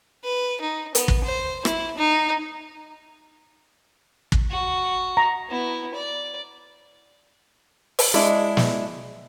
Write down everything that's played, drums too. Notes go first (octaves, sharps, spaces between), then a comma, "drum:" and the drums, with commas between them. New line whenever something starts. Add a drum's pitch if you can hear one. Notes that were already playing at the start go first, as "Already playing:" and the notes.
B4
D#4
B3, drum: hi-hat
drum: kick
C5
E4, drum: rim click
D#4
drum: kick
F#4
A#5
B3 E4
D5
drum: open hi-hat
G#3 D4 E4
drum: snare